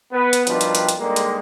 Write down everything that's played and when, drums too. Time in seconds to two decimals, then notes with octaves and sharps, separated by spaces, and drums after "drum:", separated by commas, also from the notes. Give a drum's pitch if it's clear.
0.13 B3 B4
0.33 drum: hi-hat
0.47 B2 D#3 F3 G3 D4 B4, drum: hi-hat
0.61 drum: hi-hat
0.75 drum: hi-hat
0.89 drum: hi-hat
0.98 G#2 D3 G3 G#3 A#3
1.16 drum: hi-hat